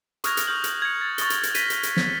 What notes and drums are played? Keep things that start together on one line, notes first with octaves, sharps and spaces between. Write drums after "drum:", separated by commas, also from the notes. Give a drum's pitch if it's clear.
C#6 D#6 F6 F#6 G#6 A#6, drum: hi-hat
drum: hi-hat
C#6 D#6 F6 G6 F#7
drum: hi-hat
G#6 C#7
A6
C#6 D#6 F6 A6 A#6 G7, drum: hi-hat
drum: hi-hat
drum: hi-hat
A#6 B6 D#7, drum: hi-hat
drum: hi-hat
drum: hi-hat
drum: snare